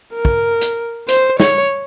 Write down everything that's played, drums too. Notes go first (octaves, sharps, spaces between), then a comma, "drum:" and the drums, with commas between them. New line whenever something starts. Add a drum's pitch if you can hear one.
A#4
drum: kick
drum: hi-hat
C5, drum: hi-hat
C#5, drum: snare